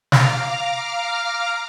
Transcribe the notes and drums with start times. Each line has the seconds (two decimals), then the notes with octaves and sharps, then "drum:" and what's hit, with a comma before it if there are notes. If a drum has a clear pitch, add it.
0.12 F5 A#5 D6 F6, drum: snare